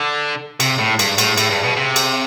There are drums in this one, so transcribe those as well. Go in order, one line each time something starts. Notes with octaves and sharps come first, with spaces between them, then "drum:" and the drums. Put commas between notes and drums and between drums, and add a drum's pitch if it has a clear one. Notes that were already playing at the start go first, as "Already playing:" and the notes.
Already playing: D3
C3, drum: cymbal
A2
G2, drum: cymbal
A2, drum: cymbal
A2, drum: cymbal
G2
B2
C3
drum: cymbal